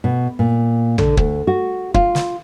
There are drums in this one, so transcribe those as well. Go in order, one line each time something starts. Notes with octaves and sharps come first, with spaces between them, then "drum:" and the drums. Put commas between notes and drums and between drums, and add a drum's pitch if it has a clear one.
B2
A#2
D3, drum: tom
D2, drum: kick
F#4
F4, drum: kick
drum: snare